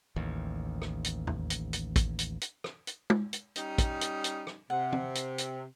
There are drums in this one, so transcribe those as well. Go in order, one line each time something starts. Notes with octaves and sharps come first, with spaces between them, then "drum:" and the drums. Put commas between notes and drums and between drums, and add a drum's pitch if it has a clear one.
A1 D#2
drum: rim click
drum: hi-hat
drum: tom
drum: hi-hat
drum: hi-hat
drum: kick, hi-hat
drum: hi-hat
drum: hi-hat
drum: rim click
drum: hi-hat
drum: tom G#3
drum: hi-hat
G3 C#4 D#4, drum: hi-hat
drum: kick, hi-hat
drum: hi-hat
drum: hi-hat
drum: rim click
C3 F#5
drum: tom
drum: hi-hat
drum: hi-hat